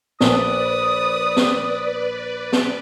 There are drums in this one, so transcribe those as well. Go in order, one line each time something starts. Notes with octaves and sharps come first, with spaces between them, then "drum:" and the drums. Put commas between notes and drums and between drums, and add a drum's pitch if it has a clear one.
A#1 B4 D5 D#6, drum: snare
drum: snare
drum: snare